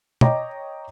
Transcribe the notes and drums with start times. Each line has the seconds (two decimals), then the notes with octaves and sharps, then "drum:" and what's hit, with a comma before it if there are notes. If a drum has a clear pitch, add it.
0.21 C#5 D#5 G5 A#5 D6, drum: tom